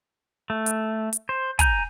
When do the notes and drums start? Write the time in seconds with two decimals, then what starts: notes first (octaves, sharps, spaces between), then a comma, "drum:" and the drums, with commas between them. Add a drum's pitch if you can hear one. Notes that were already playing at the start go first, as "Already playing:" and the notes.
0.50 A3
0.66 drum: hi-hat
1.13 drum: hi-hat
1.29 C5
1.59 G#5 A#5 G6, drum: kick, hi-hat